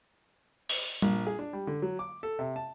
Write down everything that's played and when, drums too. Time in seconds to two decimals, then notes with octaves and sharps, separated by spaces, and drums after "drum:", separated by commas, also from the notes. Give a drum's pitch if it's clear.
0.69 drum: open hi-hat
1.02 A#1, drum: tom G3
1.27 G#4
1.39 D4
1.53 G3
1.67 D3
1.82 F#3
1.99 D6
2.23 A4
2.39 C3
2.56 A5